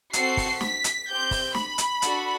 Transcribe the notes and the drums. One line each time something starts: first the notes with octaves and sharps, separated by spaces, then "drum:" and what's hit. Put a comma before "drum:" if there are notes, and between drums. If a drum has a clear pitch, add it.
C4 F#4 A4 C7, drum: hi-hat
drum: kick, open hi-hat
B6, drum: snare
drum: hi-hat
C4 G4 G6
drum: kick, open hi-hat
B5, drum: snare
drum: hi-hat
D4 F#4 A4, drum: hi-hat